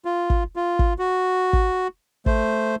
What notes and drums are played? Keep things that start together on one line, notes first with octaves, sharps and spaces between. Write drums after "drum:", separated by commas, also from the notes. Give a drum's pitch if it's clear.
F4
drum: kick
F4
drum: kick
F#4
drum: kick
A3 C5, drum: kick